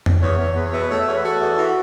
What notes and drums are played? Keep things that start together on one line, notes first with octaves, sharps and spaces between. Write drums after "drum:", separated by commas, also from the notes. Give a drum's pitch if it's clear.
drum: tom F2
E2 C#5
E2
E2 B4
C#5
B2 E5
B4
A3 C#5
E5
E2 C#5
B4
F#4 A4
E2
E3 F#4